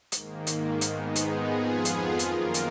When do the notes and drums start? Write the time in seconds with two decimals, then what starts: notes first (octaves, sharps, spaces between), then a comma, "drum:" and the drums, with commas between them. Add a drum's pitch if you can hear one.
0.12 G#2 D#3 A#3, drum: hi-hat
0.47 drum: hi-hat
0.81 G#2 D#3 G#3 B3 D#4, drum: hi-hat
1.16 G#4, drum: hi-hat
1.50 F2 F3 B3 F4
1.85 drum: hi-hat
2.19 F#2 D#3 A#3 F4 A#4, drum: hi-hat
2.54 drum: hi-hat